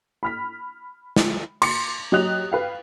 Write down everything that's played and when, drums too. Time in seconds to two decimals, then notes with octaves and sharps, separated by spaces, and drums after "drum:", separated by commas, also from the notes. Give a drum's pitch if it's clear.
0.23 B5 F6 B6
1.16 drum: snare
1.62 C6 D6 C#7, drum: cymbal
2.12 F#3 G4 D#5 D#6 F#6 F7
2.52 B4 F5 G5